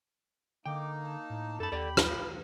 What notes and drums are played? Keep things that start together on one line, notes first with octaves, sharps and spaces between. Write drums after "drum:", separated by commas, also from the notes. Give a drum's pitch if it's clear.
D3 A#3 D#4 G5 D6
A5
A2
F#2 A4 A5 B5
D#2 G4 A4 D5
F4, drum: rim click